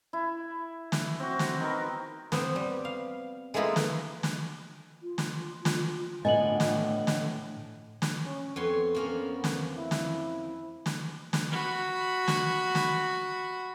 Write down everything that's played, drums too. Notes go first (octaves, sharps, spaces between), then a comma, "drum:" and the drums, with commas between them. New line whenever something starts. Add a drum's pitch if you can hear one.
E4
drum: snare
C4 F#4
drum: snare
D#3 B3 A#4
B3 C4, drum: snare
G3
F5
G#3 A3 B3 E4 F4 A#4
drum: snare
drum: snare
F4
drum: snare
drum: snare
A2 D3 B3 D#5 G#5 F#7
drum: snare
drum: snare
drum: snare
C#4
F2 B3 C#5 C6
F3 A#3 C#4
drum: snare
E4
drum: snare
drum: snare
drum: snare
F#4 B5
drum: snare
drum: snare